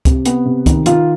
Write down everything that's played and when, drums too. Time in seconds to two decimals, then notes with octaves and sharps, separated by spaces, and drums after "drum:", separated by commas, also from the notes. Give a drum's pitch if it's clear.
0.05 C3, drum: kick, hi-hat
0.25 B3, drum: hi-hat
0.45 C3
0.66 D#3, drum: kick, hi-hat
0.86 D#3 F4, drum: hi-hat